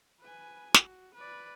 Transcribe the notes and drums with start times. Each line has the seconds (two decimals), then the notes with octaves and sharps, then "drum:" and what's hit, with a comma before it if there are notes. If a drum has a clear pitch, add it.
0.21 B4 G#5
0.74 F#4, drum: snare
1.14 B4 D5